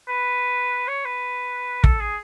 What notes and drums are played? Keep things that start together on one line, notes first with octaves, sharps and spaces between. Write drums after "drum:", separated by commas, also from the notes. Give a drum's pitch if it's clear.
B4
C#5
B4
A4, drum: kick
G#4